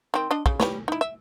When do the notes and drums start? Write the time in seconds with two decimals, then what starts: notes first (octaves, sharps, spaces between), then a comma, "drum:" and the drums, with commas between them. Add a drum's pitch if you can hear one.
0.14 D#3 C4
0.31 D4 D#5
0.46 C#3, drum: kick
0.60 G3 B4 C#5, drum: snare
0.88 D#4 E4
1.01 E5